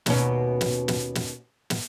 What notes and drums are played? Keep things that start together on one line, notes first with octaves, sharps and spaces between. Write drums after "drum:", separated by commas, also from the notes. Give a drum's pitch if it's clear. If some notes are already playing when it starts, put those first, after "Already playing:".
D#2 B2 C#4, drum: snare
drum: snare
drum: snare
drum: snare
drum: snare